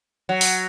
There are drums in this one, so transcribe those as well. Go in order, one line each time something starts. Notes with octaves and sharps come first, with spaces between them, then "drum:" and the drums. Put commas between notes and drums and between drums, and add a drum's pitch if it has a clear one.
F#3
drum: open hi-hat